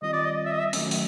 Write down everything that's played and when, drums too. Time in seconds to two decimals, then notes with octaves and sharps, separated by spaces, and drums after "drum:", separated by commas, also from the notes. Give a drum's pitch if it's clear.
0.02 D#3 G3 C4 F4 D#5
0.13 D5
0.25 D#5
0.45 E5
0.52 D#5
0.59 E5
0.73 D#3 F#3 A3 C#4, drum: open hi-hat
0.91 drum: open hi-hat